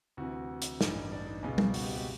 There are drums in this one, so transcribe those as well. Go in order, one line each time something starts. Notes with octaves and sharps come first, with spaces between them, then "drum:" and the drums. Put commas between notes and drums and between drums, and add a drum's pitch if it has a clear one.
D2 C3 E3 F#4
drum: hi-hat
A1 G2 E3 D#4, drum: snare
D4
D#4
C#2 B2 G#3 C#4
C4, drum: tom G3
F#4, drum: open hi-hat
G4
G4